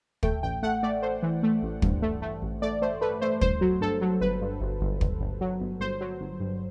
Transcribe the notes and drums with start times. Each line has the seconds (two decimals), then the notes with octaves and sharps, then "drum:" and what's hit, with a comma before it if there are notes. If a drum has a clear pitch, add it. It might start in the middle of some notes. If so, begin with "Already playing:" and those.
0.23 A3 G5, drum: kick
0.43 A1 G5
0.63 A3 F#5
0.83 A3 D5
1.02 A3 C5
1.23 E3
1.43 A3
1.63 A1
1.82 G2, drum: kick
2.02 A3
2.22 A3
2.42 A1
2.62 A3 D5
2.82 A3 C5
3.01 A3 B4
3.21 A3 C5
3.41 G1 C5, drum: kick
3.61 F#3
3.81 G2 A4
4.01 F#3
4.21 G1 B4
4.41 G2
4.61 G1
4.81 G1
5.01 G1, drum: kick
5.21 G1
5.41 F#3
5.60 G1
5.80 G1 C5
6.01 F#3
6.21 G1
6.40 G2